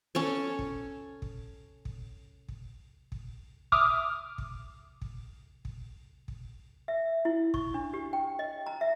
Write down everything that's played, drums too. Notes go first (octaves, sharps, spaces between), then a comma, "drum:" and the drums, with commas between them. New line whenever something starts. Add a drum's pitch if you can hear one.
C#4 A4 C#5
drum: kick
drum: kick
drum: kick
drum: kick
drum: kick
E5 D6 D#6 F6, drum: kick
drum: kick
drum: kick
drum: kick
drum: kick
E5
E4
C#6, drum: kick
D4
G4
G5
D#5
A#5
E5